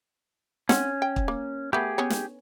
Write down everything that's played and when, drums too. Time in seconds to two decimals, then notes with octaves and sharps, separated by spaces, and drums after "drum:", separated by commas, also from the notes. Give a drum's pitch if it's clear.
0.69 C4 C#4 F#5, drum: snare
1.02 G5
1.16 drum: kick
1.28 A#3
1.73 A3 B3 G4 G#4
1.98 B3 C#4 C#5
2.10 drum: snare